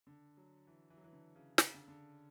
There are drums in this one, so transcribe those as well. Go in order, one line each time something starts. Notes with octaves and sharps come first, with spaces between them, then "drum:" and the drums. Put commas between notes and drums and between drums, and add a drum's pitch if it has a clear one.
D3
F#3
E3
E3
F#3
E3
D3
C#3
D3, drum: snare
C#3
D3
D3